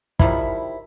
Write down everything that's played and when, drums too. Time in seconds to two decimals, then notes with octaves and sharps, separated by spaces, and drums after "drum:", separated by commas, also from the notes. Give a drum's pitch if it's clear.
0.19 D#3 F3 G3 E4, drum: kick